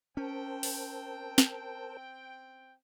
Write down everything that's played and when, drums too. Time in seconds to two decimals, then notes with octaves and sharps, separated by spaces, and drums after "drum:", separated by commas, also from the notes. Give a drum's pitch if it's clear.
0.17 C4 C#4 A#4 C5 G5 A5
0.63 drum: open hi-hat
1.38 drum: snare